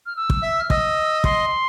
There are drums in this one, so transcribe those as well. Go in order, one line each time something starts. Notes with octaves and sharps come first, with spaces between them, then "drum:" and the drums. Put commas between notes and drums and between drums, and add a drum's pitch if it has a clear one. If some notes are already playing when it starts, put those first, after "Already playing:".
F6
E6
drum: kick
E5
F6
D#5 E6, drum: kick
C6, drum: kick